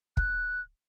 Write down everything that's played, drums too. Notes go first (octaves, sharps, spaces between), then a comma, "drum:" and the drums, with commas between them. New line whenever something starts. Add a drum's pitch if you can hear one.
F#6, drum: kick